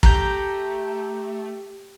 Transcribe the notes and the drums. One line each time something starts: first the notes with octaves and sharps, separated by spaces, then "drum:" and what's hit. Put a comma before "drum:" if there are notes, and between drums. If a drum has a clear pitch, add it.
A3 G4 A#5 G6, drum: kick